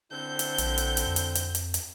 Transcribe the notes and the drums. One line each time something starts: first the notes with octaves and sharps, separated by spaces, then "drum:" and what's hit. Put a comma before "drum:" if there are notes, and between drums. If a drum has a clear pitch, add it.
D3 C4 E4 G6
drum: hi-hat
A#1, drum: hi-hat
drum: hi-hat
drum: hi-hat
F2
drum: hi-hat
drum: hi-hat
drum: hi-hat
drum: hi-hat